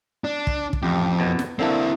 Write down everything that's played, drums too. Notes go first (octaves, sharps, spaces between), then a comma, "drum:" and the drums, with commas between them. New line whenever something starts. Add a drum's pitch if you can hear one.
D4
drum: kick
drum: kick
A1 F2 G4
E2 B2
drum: snare
D3 A#3 C4 E4 A4